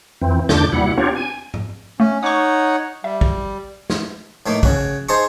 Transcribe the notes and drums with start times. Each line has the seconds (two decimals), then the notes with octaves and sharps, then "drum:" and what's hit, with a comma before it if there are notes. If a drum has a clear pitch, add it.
0.21 F2 E3 C4
0.49 E2 A#2 D3 D4 D6 G6, drum: snare
0.72 D#2 B2 G3 E4 F#5
0.98 B3 C4 D4 F4 G4 C#5
1.16 G#5
1.54 drum: tom
2.00 A3 C#4
2.23 D#4 C#5 F#5 C#6 D6
3.04 G3 E5
3.21 drum: kick
3.90 drum: snare
4.46 A2 A3 A#3 D#4
4.63 C#3 C#4 F#4, drum: kick
5.09 D#4 G#4 C5 D#5 A5 C#6